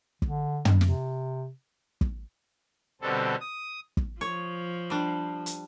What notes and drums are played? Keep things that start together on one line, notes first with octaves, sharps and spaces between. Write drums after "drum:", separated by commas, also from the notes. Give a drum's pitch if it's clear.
D3, drum: kick
drum: tom
C3, drum: snare
drum: kick
B2 D3 G3 C4 A4
D#6
drum: kick
F3 C#5
G3 D4
drum: hi-hat